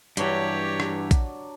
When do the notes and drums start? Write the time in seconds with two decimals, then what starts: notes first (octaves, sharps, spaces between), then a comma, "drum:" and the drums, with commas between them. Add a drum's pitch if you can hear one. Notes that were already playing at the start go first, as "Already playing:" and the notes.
0.17 G2 E3 F#3 D4 G4 C#5, drum: hi-hat
0.80 drum: rim click
1.11 drum: kick A#1, hi-hat